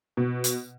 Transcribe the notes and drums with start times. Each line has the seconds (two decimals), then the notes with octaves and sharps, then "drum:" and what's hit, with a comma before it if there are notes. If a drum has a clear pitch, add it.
0.17 B2
0.44 drum: hi-hat